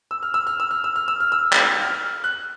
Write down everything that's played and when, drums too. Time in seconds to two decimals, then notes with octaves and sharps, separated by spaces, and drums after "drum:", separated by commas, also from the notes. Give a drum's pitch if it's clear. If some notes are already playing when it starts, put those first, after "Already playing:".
0.11 E6
0.23 F6
0.34 E6
0.47 F6
0.60 E6
0.71 F6
0.84 E6
0.96 F6
1.08 E6
1.20 F6
1.32 E6
1.52 drum: clap
1.81 F6
2.24 F#6